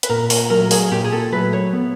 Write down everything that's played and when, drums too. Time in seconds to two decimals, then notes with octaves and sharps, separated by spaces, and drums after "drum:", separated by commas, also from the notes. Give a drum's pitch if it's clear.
0.03 B4, drum: hi-hat
0.10 A#2 A#4
0.30 A#4, drum: open hi-hat
0.50 F#3 A3 A#4
0.71 G#4, drum: open hi-hat
0.91 A#2 G4
1.04 G#4
1.12 A4
1.32 F#3 A3 B4
1.53 C#5
1.73 B3